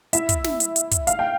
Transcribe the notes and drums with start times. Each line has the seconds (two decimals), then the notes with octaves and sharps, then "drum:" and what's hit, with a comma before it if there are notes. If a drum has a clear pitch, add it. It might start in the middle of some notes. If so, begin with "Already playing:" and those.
0.13 E4 E5, drum: hi-hat
0.29 drum: kick, hi-hat
0.44 drum: snare
0.60 drum: hi-hat
0.76 drum: hi-hat
0.91 drum: kick, hi-hat
1.07 F5, drum: hi-hat
1.19 G5